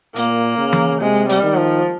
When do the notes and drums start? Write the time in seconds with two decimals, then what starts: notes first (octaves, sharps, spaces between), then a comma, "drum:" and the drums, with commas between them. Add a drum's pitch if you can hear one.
0.16 A#2 A#3, drum: hi-hat
0.58 C#3
0.73 drum: tom E3
1.01 C3 G#3
1.29 G3, drum: hi-hat
1.43 D#3
1.57 F3